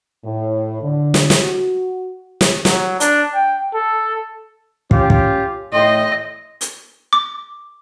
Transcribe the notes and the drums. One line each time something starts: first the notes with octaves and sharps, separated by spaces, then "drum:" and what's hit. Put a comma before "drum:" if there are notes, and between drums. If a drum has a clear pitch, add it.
A2
D3
drum: snare
drum: snare
F#4
drum: snare
F#3, drum: snare
D4, drum: hi-hat
G5
A4
C#4 F4 G4, drum: kick
drum: kick
A2 D#5 G5 C6
drum: hi-hat
D6